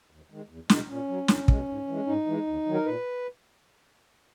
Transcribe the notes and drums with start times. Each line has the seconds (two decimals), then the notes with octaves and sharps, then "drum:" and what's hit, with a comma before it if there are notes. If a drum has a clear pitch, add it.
0.11 D#2
0.30 D#3 G#3
0.49 E2
0.69 B2 G#3, drum: snare
0.89 A#2 C#4
1.09 F#3
1.28 E2, drum: snare
1.48 B2 G#3, drum: kick
1.68 G#2
1.88 E3 G#3
2.07 G#2 D#4
2.27 E3 G#3
2.47 D#2
2.66 D#3 F#3
2.74 A#4
2.86 A#2 B4